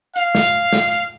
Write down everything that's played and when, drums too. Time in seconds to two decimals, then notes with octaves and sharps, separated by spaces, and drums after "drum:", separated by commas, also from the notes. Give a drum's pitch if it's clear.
0.16 F5, drum: hi-hat
0.35 drum: snare
0.73 drum: snare
0.92 drum: hi-hat